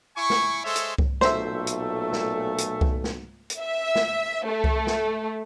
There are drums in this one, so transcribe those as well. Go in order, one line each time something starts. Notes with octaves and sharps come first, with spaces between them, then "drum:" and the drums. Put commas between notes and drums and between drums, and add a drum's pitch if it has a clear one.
E4 G#5 C#6
drum: snare
G#3 A4 C5 C#5 E5
drum: hi-hat
drum: kick C2
B1 A#2 A3 C5 E5, drum: snare
drum: hi-hat
drum: snare
drum: hi-hat
drum: kick C2
drum: snare
drum: hi-hat
E5
drum: snare
A3
drum: kick C2
drum: snare